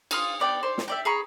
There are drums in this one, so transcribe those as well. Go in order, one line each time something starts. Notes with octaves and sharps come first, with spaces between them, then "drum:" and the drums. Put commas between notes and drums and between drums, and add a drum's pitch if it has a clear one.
F4 D#6 F6, drum: cymbal
B3 D5 G5
C5
drum: snare
G4 D5 E5
G#4 A#5 B5 C#6